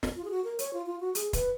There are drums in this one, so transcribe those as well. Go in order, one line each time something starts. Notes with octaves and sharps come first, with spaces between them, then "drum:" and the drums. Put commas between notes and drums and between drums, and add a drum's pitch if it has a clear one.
drum: snare
F4
G#4
F#4
A#4
C#5, drum: hi-hat
F4
F4
F#4
G#4, drum: hi-hat
B4, drum: kick, hi-hat